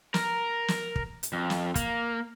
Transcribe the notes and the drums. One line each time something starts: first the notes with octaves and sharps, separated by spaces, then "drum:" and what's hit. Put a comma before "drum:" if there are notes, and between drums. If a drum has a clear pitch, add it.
A#4, drum: snare
drum: snare
drum: kick
drum: hi-hat
F2
drum: snare
A#3, drum: kick, hi-hat